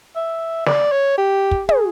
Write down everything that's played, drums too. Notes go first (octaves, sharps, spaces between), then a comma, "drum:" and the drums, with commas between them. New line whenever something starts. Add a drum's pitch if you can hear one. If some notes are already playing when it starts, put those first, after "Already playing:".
E5
D5, drum: snare
C#5
G4
drum: kick
G#4, drum: tom